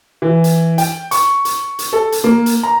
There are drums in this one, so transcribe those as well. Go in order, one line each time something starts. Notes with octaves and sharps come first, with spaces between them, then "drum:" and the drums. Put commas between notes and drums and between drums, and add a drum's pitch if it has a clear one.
E3
drum: hi-hat
G5, drum: hi-hat
C#6, drum: hi-hat
drum: hi-hat
drum: hi-hat
A4
drum: hi-hat
A#3
drum: hi-hat
A#5